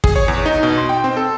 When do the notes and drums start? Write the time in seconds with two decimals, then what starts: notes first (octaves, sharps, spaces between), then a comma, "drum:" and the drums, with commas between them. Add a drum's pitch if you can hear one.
0.04 G#4, drum: kick
0.16 C#5
0.28 E2
0.46 D#4
0.63 B2
0.78 C6
0.89 G5
1.04 C4
1.17 A4